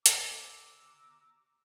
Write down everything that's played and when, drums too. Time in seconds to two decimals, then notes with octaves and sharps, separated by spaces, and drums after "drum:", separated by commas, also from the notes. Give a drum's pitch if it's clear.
0.06 C5 D5 G#5 A#5 D6 E6, drum: hi-hat